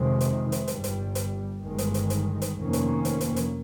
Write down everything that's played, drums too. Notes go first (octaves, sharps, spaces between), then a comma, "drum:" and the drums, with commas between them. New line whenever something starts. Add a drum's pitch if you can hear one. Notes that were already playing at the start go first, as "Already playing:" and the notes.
Already playing: F2 C3 D#3 G#3
drum: hi-hat
drum: hi-hat
G1 G2 G3, drum: hi-hat
drum: hi-hat
drum: hi-hat
G1 G2 D#3 G#3
drum: hi-hat
drum: hi-hat
drum: hi-hat
drum: hi-hat
F1 F2 D#3 A#3 C#4
drum: hi-hat
drum: hi-hat
drum: hi-hat
drum: hi-hat